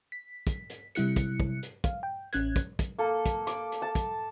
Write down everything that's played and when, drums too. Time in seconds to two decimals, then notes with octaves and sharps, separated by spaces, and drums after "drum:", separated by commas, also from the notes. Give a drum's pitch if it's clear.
0.12 B6
0.47 drum: kick, hi-hat
0.70 drum: hi-hat
0.95 C3 G3 E4 F#6 C#7, drum: hi-hat
1.16 drum: kick, hi-hat
1.40 drum: kick
1.63 drum: hi-hat
1.84 F5, drum: kick, hi-hat
2.03 G5
2.33 A1 C#4 F#6 G#6, drum: hi-hat
2.56 drum: kick, hi-hat
2.79 drum: kick, hi-hat
2.98 A#3 A4
3.26 drum: kick, hi-hat
3.47 D6, drum: hi-hat
3.72 drum: hi-hat
3.82 A5
3.95 drum: kick, hi-hat